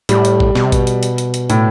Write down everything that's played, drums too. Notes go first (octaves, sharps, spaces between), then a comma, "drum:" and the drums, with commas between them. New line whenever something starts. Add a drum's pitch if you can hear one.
A2 G3, drum: hi-hat
drum: hi-hat
drum: kick A1
B2, drum: snare
C3
B2, drum: kick A1, hi-hat
drum: hi-hat
drum: hi-hat
drum: hi-hat
drum: hi-hat
A2, drum: hi-hat